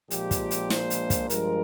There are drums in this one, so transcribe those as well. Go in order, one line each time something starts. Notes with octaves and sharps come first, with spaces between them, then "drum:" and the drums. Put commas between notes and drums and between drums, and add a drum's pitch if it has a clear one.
A#1 A#2 F3 G#3 G4, drum: hi-hat
drum: kick, hi-hat
drum: hi-hat
C5, drum: snare
drum: hi-hat
drum: kick, hi-hat
G2 F3 G#3 A#4, drum: hi-hat